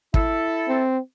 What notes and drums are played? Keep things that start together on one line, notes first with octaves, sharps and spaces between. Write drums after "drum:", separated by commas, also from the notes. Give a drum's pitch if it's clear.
E4 A4, drum: kick
C4